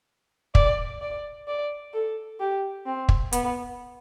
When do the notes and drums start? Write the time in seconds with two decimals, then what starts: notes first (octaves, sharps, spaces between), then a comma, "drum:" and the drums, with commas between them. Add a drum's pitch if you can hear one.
0.55 D5, drum: kick
1.01 D5
1.48 D5
1.94 A4
2.40 G4
2.86 C4
3.09 drum: kick
3.33 B3, drum: hi-hat